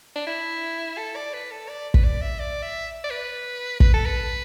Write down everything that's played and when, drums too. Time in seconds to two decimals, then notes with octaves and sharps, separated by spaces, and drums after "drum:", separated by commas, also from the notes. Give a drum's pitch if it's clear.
0.16 D4
0.27 E4
0.98 A4
1.16 D5
1.33 B4
1.51 A4
1.69 D5
1.94 B4, drum: kick
2.04 D5
2.21 E5
2.39 D5
2.62 E5
3.04 D5
3.10 B4
3.80 B4, drum: kick
3.94 A4
4.06 B4